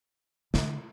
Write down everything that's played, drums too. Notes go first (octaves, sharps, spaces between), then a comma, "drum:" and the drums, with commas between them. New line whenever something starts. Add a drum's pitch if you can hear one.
D3, drum: snare